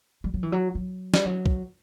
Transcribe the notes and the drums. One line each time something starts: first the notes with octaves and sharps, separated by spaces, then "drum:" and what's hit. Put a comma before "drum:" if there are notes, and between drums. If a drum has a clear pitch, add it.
G3
F#3
E3
F#3
F#3
G3, drum: snare
F#3
drum: kick